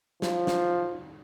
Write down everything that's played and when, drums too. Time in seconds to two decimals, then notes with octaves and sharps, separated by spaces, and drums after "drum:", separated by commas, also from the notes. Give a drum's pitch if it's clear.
0.22 F3, drum: snare
0.47 drum: snare